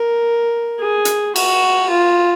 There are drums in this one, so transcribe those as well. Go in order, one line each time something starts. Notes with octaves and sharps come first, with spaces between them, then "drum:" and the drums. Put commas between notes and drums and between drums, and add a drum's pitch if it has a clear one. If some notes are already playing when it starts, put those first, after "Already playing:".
Already playing: A#4
G#4
drum: hi-hat
F#4, drum: cymbal
F4